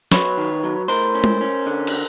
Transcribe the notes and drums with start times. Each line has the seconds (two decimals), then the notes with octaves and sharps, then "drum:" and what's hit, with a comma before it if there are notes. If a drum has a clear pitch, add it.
0.12 F#3 B4 C#5, drum: snare
0.38 D#3
0.64 F#3
0.88 A2 A#4 C5
1.15 C#4
1.24 drum: tom G#3
1.41 C#4
1.66 D3
1.87 drum: cymbal